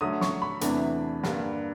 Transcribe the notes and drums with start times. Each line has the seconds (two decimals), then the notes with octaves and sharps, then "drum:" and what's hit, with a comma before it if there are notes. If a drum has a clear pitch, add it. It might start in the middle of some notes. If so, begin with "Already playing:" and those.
0.01 D3 F#3 A3 D#6
0.21 C#6, drum: snare
0.42 B5
0.61 E2 C3 E3 A3 D4, drum: hi-hat
1.23 G2 D3 G3 A#3, drum: snare